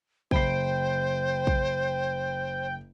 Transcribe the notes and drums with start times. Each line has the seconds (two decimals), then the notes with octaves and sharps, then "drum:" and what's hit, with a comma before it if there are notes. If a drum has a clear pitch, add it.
0.31 F#1 C5 G5 B5 C7, drum: kick
1.47 drum: kick